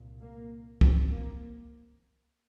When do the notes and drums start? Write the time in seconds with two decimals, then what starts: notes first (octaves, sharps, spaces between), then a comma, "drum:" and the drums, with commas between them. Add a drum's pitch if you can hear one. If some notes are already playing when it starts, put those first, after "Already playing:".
Already playing: C2 A#2
0.20 A#3
0.81 C4, drum: kick
1.12 A#3